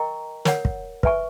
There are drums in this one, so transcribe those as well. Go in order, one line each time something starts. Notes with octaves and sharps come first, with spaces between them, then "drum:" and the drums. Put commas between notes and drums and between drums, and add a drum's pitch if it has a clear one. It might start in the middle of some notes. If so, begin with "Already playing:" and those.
Already playing: A#4 D#5 G5 A#5 C#6
A#4 C#5 F#5, drum: snare
drum: kick
B4 E5 G#5 C#6, drum: kick